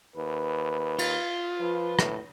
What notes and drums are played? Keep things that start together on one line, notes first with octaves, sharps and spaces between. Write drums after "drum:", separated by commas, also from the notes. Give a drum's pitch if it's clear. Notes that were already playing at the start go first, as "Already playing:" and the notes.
D#2 B4
F4, drum: cymbal
F3 B4
A2, drum: rim click